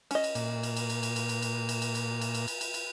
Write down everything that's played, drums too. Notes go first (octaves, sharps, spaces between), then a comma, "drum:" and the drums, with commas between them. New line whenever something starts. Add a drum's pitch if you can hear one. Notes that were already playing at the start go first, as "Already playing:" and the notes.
C#4 D#5, drum: cymbal
drum: cymbal
A#2, drum: cymbal
drum: cymbal
drum: cymbal
drum: cymbal
drum: cymbal
drum: cymbal
drum: cymbal
drum: cymbal
drum: cymbal
drum: cymbal
drum: cymbal
drum: cymbal
drum: cymbal
drum: cymbal
drum: cymbal
drum: cymbal